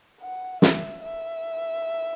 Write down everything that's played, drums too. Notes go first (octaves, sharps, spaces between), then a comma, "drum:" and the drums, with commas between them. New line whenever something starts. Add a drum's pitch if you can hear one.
F#5
E5, drum: snare
E5